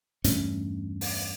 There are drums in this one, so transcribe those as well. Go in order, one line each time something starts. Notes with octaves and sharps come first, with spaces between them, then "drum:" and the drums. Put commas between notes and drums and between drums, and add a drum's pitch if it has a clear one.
E2 G2 A3 C#4, drum: hi-hat
drum: open hi-hat